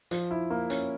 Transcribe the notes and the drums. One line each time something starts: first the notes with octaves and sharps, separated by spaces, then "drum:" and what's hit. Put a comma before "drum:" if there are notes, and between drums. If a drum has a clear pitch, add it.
F3, drum: hi-hat
E4
A#3
C#4, drum: hi-hat